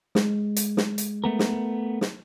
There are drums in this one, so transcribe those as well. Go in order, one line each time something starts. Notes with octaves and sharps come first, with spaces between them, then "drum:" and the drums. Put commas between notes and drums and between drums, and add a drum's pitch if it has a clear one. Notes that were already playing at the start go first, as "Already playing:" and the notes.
G#3, drum: snare
drum: hi-hat
drum: snare
drum: hi-hat
A3 B3 A#4
drum: snare
drum: snare